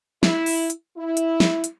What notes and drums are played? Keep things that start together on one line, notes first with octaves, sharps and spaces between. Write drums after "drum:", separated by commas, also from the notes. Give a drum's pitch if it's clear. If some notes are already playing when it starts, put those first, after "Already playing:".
E4, drum: snare
drum: open hi-hat
drum: hi-hat
E4
drum: hi-hat
drum: snare
drum: hi-hat